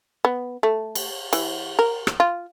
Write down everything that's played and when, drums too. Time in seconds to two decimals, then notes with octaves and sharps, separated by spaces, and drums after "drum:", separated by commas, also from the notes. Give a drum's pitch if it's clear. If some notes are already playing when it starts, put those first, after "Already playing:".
0.25 B3
0.63 A3
0.95 drum: cymbal
1.33 E3, drum: cymbal
1.79 A#4
2.07 drum: rim click
2.20 F4